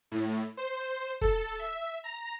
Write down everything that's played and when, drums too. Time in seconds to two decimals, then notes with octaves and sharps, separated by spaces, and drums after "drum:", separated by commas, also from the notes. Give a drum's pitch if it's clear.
0.11 A2
0.57 C5
1.21 A4, drum: kick
1.59 E5
2.04 A#5